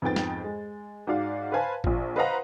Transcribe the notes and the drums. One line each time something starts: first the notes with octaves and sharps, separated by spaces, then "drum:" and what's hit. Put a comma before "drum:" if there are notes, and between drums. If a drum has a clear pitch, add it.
F2 G#2 B3 G5 A6
drum: snare
G#3
G#2 F#4 D5 F5
B4 C5 F5 G#5 A5 B5
A#1 F4, drum: kick G#1
B4 C5 D#5 F5 F#5 A#5